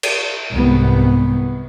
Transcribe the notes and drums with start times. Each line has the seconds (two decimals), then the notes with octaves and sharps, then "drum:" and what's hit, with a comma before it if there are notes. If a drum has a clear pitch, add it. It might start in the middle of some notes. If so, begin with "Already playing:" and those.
0.03 drum: cymbal
0.52 C2 G#2 C3 B3